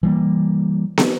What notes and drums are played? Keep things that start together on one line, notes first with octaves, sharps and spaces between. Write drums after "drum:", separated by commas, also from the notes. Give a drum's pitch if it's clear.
E3 G3 A#3
drum: snare